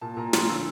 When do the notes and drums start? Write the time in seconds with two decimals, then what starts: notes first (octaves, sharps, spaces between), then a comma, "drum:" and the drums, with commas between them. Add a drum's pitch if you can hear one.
0.01 A#2 A5
0.17 A#2 A#5
0.33 F3 C6, drum: snare
0.49 D3 E6